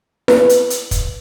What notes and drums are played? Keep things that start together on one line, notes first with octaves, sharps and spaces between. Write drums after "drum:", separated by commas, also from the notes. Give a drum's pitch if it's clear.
B4, drum: snare E4
drum: hi-hat
drum: hi-hat
drum: kick, hi-hat